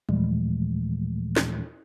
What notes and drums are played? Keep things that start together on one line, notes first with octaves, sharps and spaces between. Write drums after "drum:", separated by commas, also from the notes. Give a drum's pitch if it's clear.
D#2 A#2 E3 F3 G#3 A3, drum: tom F#3
drum: snare